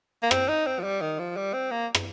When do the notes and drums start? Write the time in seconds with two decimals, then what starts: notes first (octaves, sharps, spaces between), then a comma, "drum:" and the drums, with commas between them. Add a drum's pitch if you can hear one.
0.23 A#3
0.31 C4, drum: rim click
0.48 D#4
0.66 C4
0.79 F3
0.84 G3
1.01 D#3
1.19 F3
1.36 G3
1.53 C4
1.71 A#3
1.95 drum: rim click